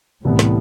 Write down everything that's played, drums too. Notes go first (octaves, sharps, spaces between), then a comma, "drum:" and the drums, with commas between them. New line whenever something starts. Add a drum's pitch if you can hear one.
C2 A2 C3 E3 G3 B3
drum: snare